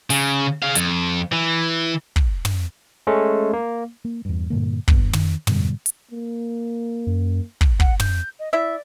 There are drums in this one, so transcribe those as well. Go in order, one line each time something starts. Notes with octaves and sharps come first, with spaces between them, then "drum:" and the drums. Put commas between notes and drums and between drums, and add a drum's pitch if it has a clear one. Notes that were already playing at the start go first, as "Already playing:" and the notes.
C#3, drum: open hi-hat
G#4 F5
F2, drum: hi-hat
E3
drum: kick
drum: tom
G#3 A3 C#4 A4
A#3
A#3
E2 G2
G2 A#2 D3 A#3
D#1 G2 B3, drum: kick
D#3, drum: tom
G#2 B2 D3 G3, drum: tom
drum: hi-hat
A#3
F#2
drum: kick
F#5, drum: kick
G6, drum: tom
D#5
E4 D5 E5